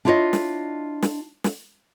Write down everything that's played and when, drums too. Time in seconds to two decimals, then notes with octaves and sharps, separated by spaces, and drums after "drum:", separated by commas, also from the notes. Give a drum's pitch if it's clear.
0.05 D4 E4 F4 G4 C#5 D#5
0.33 drum: snare
1.02 drum: snare
1.44 drum: snare